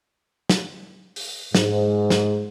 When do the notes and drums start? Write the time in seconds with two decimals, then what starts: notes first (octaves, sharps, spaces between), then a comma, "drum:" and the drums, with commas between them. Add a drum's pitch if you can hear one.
0.49 drum: snare
1.16 drum: open hi-hat
1.55 G#2, drum: snare
2.10 drum: snare